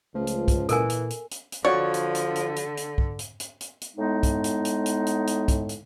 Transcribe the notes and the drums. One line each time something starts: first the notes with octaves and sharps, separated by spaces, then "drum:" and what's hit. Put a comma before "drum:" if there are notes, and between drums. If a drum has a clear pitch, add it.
C#2 F3 A3
drum: hi-hat
drum: kick, hi-hat
A#2 E3 A4 A#4 G#5, drum: hi-hat
drum: hi-hat
drum: hi-hat
drum: hi-hat
drum: hi-hat
D3 F3 F#4 C#5 D5
drum: hi-hat
drum: hi-hat
drum: hi-hat
drum: hi-hat
drum: hi-hat
drum: kick
drum: hi-hat
drum: hi-hat
drum: hi-hat
drum: hi-hat
A2 G#3 B3 D#4
drum: kick, hi-hat
drum: hi-hat
drum: hi-hat
drum: hi-hat
drum: hi-hat
drum: hi-hat
drum: kick, hi-hat
drum: hi-hat